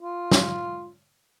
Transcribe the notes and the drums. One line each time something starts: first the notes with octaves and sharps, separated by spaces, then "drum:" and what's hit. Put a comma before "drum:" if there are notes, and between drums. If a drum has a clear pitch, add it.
F4
drum: snare